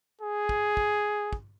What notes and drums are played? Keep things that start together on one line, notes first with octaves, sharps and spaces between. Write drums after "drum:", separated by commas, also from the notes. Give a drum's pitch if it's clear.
G#4
drum: kick
drum: kick
drum: kick